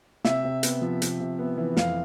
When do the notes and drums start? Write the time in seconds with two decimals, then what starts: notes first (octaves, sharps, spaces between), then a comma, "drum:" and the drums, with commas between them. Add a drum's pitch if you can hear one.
0.24 C3 E5, drum: snare
0.44 C3
0.63 B3, drum: hi-hat
0.81 F3
1.02 C3, drum: hi-hat
1.20 C3
1.39 B3
1.57 E3
1.77 F2 F5, drum: snare